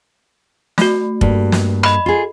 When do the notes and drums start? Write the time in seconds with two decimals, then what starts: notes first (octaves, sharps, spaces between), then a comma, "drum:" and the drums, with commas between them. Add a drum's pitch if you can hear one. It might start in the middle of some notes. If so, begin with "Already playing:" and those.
0.78 A3 F#4, drum: snare
1.21 G2 A#3, drum: kick F1
1.52 drum: snare
1.83 D#5 B5, drum: rim click
2.06 F4 G#4